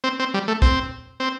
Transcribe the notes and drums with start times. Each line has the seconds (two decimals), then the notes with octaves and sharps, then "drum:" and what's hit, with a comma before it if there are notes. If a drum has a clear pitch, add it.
0.04 C4
0.19 C4
0.34 G3
0.48 A3
0.62 C4, drum: kick
1.20 C4